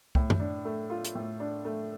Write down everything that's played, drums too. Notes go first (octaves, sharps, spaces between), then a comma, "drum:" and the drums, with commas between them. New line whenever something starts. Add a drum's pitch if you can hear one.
A2, drum: kick C2
drum: tom F#2
D4
A3
F4
drum: hi-hat
A2
D4
A3